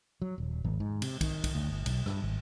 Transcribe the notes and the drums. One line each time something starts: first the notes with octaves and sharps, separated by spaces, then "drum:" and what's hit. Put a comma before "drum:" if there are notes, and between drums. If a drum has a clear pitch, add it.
F#3
D#1
G#1
G#2
C3, drum: cymbal
D#3, drum: kick, cymbal
drum: kick, cymbal
D2
G1
B1, drum: cymbal
G2, drum: rim click
G#1